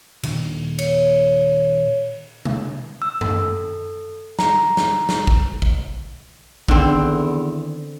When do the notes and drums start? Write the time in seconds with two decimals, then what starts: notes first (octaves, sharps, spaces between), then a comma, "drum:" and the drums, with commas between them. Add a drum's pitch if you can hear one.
0.23 A#2 D#3 D4, drum: cymbal
0.78 C#5, drum: cymbal
2.45 drum: tom B2
3.02 E6
3.21 A4, drum: tom F#2
4.39 A#5, drum: snare
4.77 drum: snare
5.09 drum: snare
5.27 drum: kick
5.62 drum: kick
6.68 E2 D3 D#3 C4, drum: kick